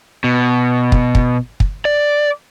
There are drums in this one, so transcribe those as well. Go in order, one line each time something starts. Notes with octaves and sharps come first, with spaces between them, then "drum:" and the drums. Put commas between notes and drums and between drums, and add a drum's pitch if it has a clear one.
B2
drum: kick
drum: kick
drum: kick
D5